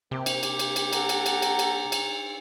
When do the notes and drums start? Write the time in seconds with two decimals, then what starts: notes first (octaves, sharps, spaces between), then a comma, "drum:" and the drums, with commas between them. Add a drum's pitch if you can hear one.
0.11 C3 A#3 G4
0.26 drum: cymbal
0.43 drum: cymbal
0.59 drum: cymbal
0.76 drum: cymbal
0.93 A4 F#5 A#5, drum: cymbal
1.09 drum: cymbal
1.26 drum: cymbal
1.42 drum: cymbal
1.59 drum: cymbal
1.92 drum: cymbal